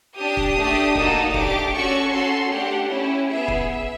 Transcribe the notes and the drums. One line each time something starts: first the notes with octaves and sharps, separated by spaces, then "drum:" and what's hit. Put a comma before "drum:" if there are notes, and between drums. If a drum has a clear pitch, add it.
D4 G4 D#6
drum: kick
A3 D4 G4
A#3 D#4 F#4 A4, drum: kick
A3 D4 G4 D6, drum: kick
C#4 F#4 A4 C#6
C#4 F#4 A4 C6
A3 D4 G4 F#5
C#4 E4 G4
B3 E4 G#4 E5
drum: kick
E5